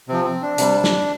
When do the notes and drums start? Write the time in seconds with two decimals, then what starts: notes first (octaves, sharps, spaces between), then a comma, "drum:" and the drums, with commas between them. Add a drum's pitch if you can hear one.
0.08 C3 F3 C4
0.25 C4
0.42 D4
0.58 C3 G3, drum: hi-hat
0.84 drum: snare